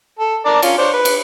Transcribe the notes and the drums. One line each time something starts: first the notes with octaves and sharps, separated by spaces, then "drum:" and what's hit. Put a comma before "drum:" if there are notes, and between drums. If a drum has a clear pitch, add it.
A4
A#4 D5 A5
C#4 F4, drum: cymbal
D4 C5 C#5
B4
drum: cymbal